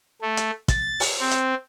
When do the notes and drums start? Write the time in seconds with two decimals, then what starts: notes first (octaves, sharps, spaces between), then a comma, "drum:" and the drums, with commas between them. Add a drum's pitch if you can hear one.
0.22 A3
0.37 drum: hi-hat
0.68 A6, drum: kick, hi-hat
1.00 drum: open hi-hat
1.20 C4
1.31 drum: hi-hat